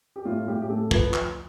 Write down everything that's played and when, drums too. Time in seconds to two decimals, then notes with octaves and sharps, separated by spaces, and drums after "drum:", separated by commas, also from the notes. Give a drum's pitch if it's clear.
0.16 G4
0.25 A2 F4
0.48 A2 G4
0.62 G4
0.70 A3 A4
0.91 F3 B4, drum: kick
1.14 drum: clap